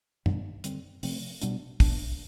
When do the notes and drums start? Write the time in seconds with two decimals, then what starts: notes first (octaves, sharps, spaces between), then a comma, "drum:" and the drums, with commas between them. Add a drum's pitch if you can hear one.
0.26 B2 G3 B3 D4, drum: tom
0.64 D3 G3 C4, drum: hi-hat
1.03 C3 F3 A3 C4, drum: open hi-hat
1.41 B2 G3 B3 D4, drum: hi-hat
1.80 B2 B3 D4, drum: kick, open hi-hat